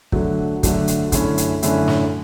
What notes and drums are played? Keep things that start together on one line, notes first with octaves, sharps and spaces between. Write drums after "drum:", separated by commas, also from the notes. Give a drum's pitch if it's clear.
D3 F#3 A3, drum: kick
D3 F#3 A3, drum: kick, hi-hat
drum: hi-hat
F#2 D3 A3 C#4 E4, drum: kick, hi-hat
drum: hi-hat
F#2 D3 A3 C#4 E4, drum: hi-hat
drum: snare